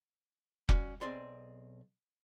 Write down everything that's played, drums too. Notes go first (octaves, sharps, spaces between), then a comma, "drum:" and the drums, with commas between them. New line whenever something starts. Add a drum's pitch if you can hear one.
G3 C#4 F#4, drum: kick F1
B1 C4 G#4 D5 C6